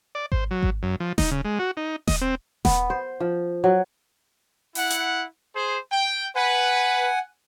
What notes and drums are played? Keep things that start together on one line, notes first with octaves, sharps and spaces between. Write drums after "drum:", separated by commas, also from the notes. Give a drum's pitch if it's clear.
D5
C5, drum: kick G#1
F#3
drum: kick G#1
F#2
F3
D#4, drum: snare D#1
C#3
G#3
F#4
D#4
D#5, drum: snare D#1
C4
B3, drum: snare D#1
C5
F3
F#3
E4 F#5, drum: open hi-hat
drum: hi-hat
G#4 C5
G5
B4 F#5 G#5